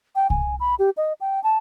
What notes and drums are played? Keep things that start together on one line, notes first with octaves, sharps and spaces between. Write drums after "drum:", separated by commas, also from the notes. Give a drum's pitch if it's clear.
G5
G#5, drum: kick C2
B5
G4
D#5
G5
A5